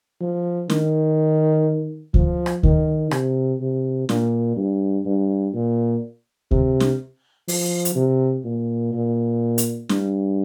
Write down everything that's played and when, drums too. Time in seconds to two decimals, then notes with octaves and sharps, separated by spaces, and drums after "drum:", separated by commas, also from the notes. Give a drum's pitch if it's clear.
0.21 F3
0.70 D#3, drum: snare
2.14 F3, drum: kick D2
2.46 drum: rim click
2.63 D#3, drum: kick D2
3.11 C3, drum: rim click
3.61 C3
4.09 A#2, drum: snare
4.56 G2
5.05 G2
5.54 A#2
6.51 C3, drum: kick D2
6.80 drum: snare
7.48 F3, drum: open hi-hat
7.85 drum: hi-hat
7.96 C3
8.45 A#2
8.93 A#2
9.58 drum: hi-hat
9.89 G2, drum: snare